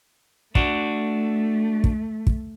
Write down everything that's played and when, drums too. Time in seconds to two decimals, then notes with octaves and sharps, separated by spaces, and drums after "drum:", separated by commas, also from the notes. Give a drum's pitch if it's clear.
0.55 A3 D4 F#4, drum: kick
1.84 drum: kick
2.27 drum: kick